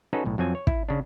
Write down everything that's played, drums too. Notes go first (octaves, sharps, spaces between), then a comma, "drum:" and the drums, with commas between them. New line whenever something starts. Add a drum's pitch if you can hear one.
C#4 D#4 F#4 G#4 A4 B4
B1 A2
F2 F#3 C4 G#5
C#5
E4, drum: kick
C#3 D4